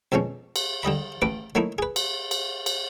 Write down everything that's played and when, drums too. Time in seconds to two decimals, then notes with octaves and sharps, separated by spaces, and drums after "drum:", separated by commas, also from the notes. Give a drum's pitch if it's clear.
0.12 F2 B2 F3 G#3 C#4
0.56 drum: cymbal
0.83 D3 G3 D#5 B5
1.22 A1 B4 D6
1.55 F#3 A3 A#3 D#4 E4
1.78 G#4 B4
1.96 drum: cymbal
2.31 drum: cymbal
2.66 drum: cymbal